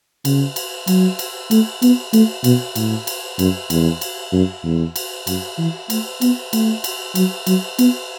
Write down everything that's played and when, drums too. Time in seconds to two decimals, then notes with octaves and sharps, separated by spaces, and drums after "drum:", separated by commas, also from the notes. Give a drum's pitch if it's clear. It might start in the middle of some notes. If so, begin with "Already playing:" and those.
0.25 C#3, drum: cymbal
0.56 drum: cymbal
0.87 F#3, drum: cymbal
1.19 drum: cymbal
1.51 A3, drum: cymbal
1.82 B3, drum: cymbal
2.13 A3, drum: cymbal
2.44 B2, drum: cymbal
2.76 A2, drum: cymbal
3.07 drum: cymbal
3.39 F#2, drum: cymbal
3.70 E2, drum: cymbal
4.01 drum: cymbal
4.33 F#2
4.64 E2
4.96 drum: cymbal
5.27 F#2, drum: cymbal
5.58 E3
5.90 A3, drum: cymbal
6.21 B3, drum: cymbal
6.53 A3, drum: cymbal
6.84 drum: cymbal
7.15 F#3, drum: cymbal
7.47 F#3, drum: cymbal
7.79 B3, drum: cymbal